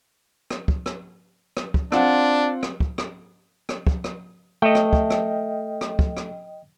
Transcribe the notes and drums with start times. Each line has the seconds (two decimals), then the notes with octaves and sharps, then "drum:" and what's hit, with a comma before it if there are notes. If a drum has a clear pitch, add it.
0.50 drum: rim click
0.68 drum: kick
0.86 drum: rim click
1.57 drum: rim click
1.74 drum: kick
1.92 C4 D4 F4 F#5, drum: rim click
2.63 drum: rim click
2.80 drum: kick
2.98 drum: rim click
3.69 drum: rim click
3.87 drum: kick
4.04 drum: rim click
4.62 A3 D#5 G5
4.75 drum: rim click
4.93 drum: kick
5.10 drum: rim click
5.81 drum: rim click
5.99 drum: kick
6.17 drum: rim click